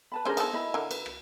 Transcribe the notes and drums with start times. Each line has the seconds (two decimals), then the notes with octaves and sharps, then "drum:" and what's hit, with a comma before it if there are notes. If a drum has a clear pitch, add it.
0.12 B4 A5 B5
0.25 G3 C#4 D4 G#4 A#4 C5
0.37 B3 D#4 A4, drum: cymbal
0.53 E4 D#5 B5
0.74 D3 A#4
0.91 B4, drum: cymbal
1.06 drum: rim click